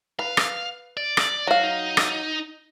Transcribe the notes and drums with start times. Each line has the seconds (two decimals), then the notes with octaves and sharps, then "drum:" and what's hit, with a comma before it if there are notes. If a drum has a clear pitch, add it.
0.19 B4 F5
0.37 drum: rim click
0.97 D5
1.17 drum: rim click
1.47 F#3 F#4 F5
1.63 D#4
1.97 drum: rim click